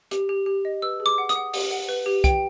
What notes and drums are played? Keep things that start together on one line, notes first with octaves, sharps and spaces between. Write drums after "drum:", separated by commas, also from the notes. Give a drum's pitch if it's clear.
G4, drum: hi-hat
G4
G4
D#5
B4 E6
G#4
D6
F#5
D#6, drum: hi-hat
F#5
G4, drum: open hi-hat
F#5
B4
G4
G5, drum: kick, hi-hat